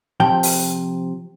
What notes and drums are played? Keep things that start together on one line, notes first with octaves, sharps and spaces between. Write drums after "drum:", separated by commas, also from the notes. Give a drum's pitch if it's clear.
C3 F3 G5
drum: open hi-hat